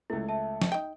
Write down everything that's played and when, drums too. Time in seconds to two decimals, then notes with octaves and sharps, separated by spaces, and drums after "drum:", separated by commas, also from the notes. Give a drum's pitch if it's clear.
0.10 C#2 A3 E4
0.29 E5 A5
0.62 drum: snare
0.72 D#4 G5